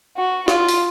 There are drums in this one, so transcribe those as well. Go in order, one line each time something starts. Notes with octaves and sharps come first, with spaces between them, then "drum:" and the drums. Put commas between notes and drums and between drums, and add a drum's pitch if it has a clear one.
F#4
F4, drum: snare F#4
drum: open hi-hat